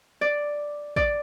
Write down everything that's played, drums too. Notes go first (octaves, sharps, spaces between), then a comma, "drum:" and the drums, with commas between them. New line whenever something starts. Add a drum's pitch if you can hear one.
D5
D5, drum: kick